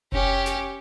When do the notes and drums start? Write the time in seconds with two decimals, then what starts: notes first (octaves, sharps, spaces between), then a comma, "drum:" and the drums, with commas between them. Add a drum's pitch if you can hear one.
0.12 C#4 G4, drum: kick F1
0.46 drum: snare